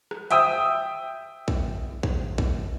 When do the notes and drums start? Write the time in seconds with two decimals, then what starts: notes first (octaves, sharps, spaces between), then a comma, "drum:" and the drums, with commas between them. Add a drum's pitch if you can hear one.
0.11 drum: rim click
0.31 E5 G5 D#6 E6, drum: hi-hat
1.48 drum: kick
2.03 drum: kick
2.38 drum: kick